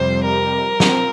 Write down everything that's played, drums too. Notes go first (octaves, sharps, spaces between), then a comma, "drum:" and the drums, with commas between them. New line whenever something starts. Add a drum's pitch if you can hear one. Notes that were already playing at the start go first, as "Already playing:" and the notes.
Already playing: F2 C3 G3 C5
A#4
F3 C4, drum: snare